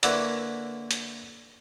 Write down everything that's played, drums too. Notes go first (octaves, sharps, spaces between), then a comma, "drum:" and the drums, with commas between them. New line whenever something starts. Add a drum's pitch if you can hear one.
D3 A#3 E4 B4 C#5, drum: hi-hat
drum: hi-hat